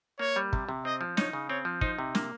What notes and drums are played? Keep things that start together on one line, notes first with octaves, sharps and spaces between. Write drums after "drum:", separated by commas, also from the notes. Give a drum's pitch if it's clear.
A#3 C#5
G3
C3, drum: kick
C3
C4 D#5
F3
D#4 C#5, drum: snare
C#3
C4 C#5
F3
D#4 C5, drum: kick
C3
A#3, drum: snare